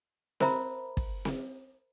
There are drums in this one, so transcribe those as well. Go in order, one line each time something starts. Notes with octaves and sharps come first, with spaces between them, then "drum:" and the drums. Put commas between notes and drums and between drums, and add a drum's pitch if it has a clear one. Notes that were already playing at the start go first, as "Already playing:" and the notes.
A#4 C5 E5 A#5 B5, drum: snare C4
drum: kick
drum: snare C4